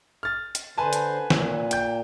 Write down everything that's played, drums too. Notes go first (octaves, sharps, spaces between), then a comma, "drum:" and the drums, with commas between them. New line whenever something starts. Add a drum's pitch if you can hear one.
F6 A6
drum: hi-hat
D3 B4 C5 G#5 A5
drum: hi-hat
A#2, drum: snare
G5 G6, drum: hi-hat